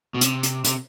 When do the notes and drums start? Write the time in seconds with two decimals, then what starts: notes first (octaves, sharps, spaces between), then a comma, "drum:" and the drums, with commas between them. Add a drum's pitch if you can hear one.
0.14 B2
0.21 C3, drum: hi-hat
0.43 drum: hi-hat
0.64 C3, drum: hi-hat